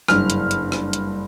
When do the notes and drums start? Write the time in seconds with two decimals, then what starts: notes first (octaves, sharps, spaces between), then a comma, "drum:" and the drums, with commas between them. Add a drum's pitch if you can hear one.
0.08 F#1 G2 F6, drum: rim click
0.30 drum: hi-hat
0.51 drum: hi-hat
0.72 drum: rim click
0.93 drum: hi-hat